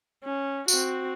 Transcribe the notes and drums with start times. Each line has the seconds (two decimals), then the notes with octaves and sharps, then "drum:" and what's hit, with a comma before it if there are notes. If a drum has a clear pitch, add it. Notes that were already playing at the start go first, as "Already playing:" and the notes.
0.24 C#4
0.68 C4 F#4, drum: tambourine